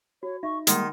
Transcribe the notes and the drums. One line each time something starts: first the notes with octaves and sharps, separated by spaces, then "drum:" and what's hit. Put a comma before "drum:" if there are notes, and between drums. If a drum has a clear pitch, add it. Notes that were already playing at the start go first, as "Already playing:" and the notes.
F#4 C#5
D#4 E5 C#6
D#3 G3 G#3 A#3 D#4 F#5 C6 D#6, drum: hi-hat